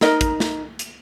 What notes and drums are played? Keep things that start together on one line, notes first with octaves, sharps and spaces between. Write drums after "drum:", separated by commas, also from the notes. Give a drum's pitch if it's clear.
D#4 A#4 D#5, drum: snare
drum: kick, hi-hat
drum: snare
drum: hi-hat